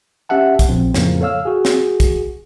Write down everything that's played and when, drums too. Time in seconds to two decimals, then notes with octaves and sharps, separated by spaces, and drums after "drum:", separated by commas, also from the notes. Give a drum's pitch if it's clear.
0.29 C#4 G4 E5 F#5 A5
0.59 drum: kick, hi-hat
0.69 A#1 C4
0.94 F2 A2 C#3 F3 A#3, drum: snare
1.21 A4 C#5 F5 E6 F6
1.45 F#4 G#4
1.65 drum: snare
2.00 drum: kick, hi-hat